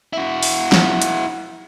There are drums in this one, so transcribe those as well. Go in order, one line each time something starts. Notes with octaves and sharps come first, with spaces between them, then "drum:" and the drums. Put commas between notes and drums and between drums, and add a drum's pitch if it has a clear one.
E4 F#4
drum: open hi-hat
drum: snare
drum: hi-hat